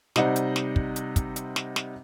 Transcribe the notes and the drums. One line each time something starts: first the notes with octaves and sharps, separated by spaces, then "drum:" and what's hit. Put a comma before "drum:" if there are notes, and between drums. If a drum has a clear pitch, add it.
C3 G3 D#4 C5 D#5 F#5, drum: snare
drum: hi-hat
drum: snare
drum: kick
drum: hi-hat
drum: kick, hi-hat
drum: hi-hat
drum: snare
drum: snare